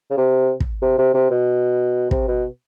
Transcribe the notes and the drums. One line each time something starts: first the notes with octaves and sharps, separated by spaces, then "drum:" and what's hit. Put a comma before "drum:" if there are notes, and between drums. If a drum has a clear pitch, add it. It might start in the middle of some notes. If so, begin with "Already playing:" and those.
C#3
C3
drum: kick
C3
C3
C3
B2
C3, drum: kick
B2